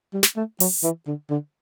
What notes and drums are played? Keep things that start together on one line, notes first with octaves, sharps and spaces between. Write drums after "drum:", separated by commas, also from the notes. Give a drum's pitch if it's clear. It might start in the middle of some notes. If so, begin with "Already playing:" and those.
G3
drum: snare
A3
F#3, drum: open hi-hat
E3
D3
D3